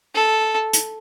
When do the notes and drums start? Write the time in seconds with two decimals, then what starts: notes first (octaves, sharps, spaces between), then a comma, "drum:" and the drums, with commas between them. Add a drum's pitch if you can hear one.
0.15 A4
0.73 drum: hi-hat